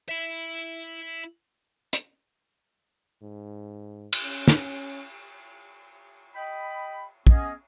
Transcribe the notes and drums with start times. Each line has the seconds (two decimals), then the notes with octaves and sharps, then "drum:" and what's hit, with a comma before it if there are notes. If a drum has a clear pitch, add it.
0.09 E4 E5
1.93 drum: hi-hat
3.22 G#2
4.13 drum: cymbal
4.23 C#4
4.48 drum: snare
6.35 D#5 G5 B5
7.27 B3 C#4 G#4 D#5, drum: kick